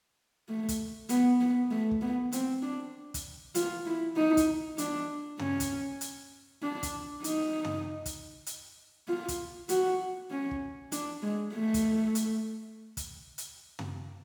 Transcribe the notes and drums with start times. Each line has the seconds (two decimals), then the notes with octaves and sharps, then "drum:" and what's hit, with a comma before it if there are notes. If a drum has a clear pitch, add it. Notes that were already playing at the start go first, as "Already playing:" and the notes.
0.49 A3
0.69 drum: kick, hi-hat
1.09 B3, drum: hi-hat
1.41 B3
1.71 A3
1.91 drum: kick
2.01 B3
2.32 C4, drum: hi-hat
2.62 D4
3.14 drum: kick, hi-hat
3.55 F4, drum: hi-hat
3.86 E4
4.17 D#4
4.37 drum: kick, hi-hat
4.78 D4, drum: hi-hat
5.39 C#4, drum: tom
5.60 drum: kick, hi-hat
6.01 drum: hi-hat
6.63 D4
6.83 drum: kick, hi-hat
7.24 D#4, drum: hi-hat
7.65 drum: tom
8.06 drum: kick, hi-hat
8.46 drum: hi-hat
9.08 F4
9.28 drum: kick, hi-hat
9.69 F#4, drum: hi-hat
10.31 C#4
10.51 drum: kick
10.92 D4, drum: hi-hat
11.23 G#3
11.54 A3
11.74 drum: kick, hi-hat
12.15 drum: hi-hat
12.97 drum: kick, hi-hat
13.38 drum: hi-hat
13.79 drum: tom